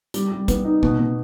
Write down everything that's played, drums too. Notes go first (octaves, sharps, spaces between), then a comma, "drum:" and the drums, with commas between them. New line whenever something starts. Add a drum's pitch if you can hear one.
G3, drum: hi-hat
G3
B3, drum: kick, hi-hat
D#4
B2, drum: kick
B2